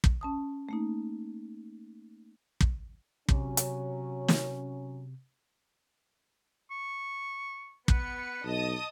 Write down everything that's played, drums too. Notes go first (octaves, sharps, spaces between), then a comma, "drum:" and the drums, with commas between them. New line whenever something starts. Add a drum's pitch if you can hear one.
drum: kick
C#4 A5 D#6
A3 A#3 D#4
drum: kick
C3 F#3 C#4, drum: kick
drum: hi-hat
drum: snare
C#6
B3 B4 C#7, drum: kick
B1 D#5 A5 D#6